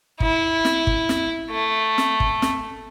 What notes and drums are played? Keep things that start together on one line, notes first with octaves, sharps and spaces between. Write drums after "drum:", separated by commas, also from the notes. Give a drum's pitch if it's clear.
E4, drum: kick G1
drum: snare
drum: kick G1
drum: snare
A3
drum: snare
drum: kick G1
drum: snare